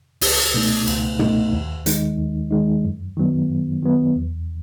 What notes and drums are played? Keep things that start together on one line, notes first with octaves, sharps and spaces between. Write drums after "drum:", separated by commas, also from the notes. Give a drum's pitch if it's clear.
C#2, drum: open hi-hat
B2 A3 D#4
C#2, drum: cymbal
B2 A3 D#4, drum: tom
D#2
D#3 G#3 D#4, drum: hi-hat
D#2
D#3 G#3 D#4
F#2
D#3 F#3 B3
F#2
D#3 F#3 B3
E2